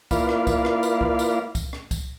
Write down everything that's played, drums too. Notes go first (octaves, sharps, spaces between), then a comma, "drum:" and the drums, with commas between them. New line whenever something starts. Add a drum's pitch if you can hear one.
A#3 E4 F4 B4 D5 F5, drum: kick, tambourine
drum: rim click
drum: kick, tambourine
drum: rim click
drum: tambourine
drum: kick
drum: tambourine
drum: kick, tambourine
drum: rim click
drum: kick, tambourine